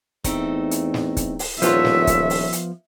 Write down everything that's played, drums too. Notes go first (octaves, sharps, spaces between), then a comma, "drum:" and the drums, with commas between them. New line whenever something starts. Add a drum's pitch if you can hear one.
E2 A3 C4 D#4, drum: kick, hi-hat
drum: hi-hat
drum: snare
drum: kick, hi-hat
drum: open hi-hat
D#1 F3 B3 F4 A4 C#5 E5, drum: hi-hat
drum: snare
drum: kick, hi-hat
drum: open hi-hat
drum: hi-hat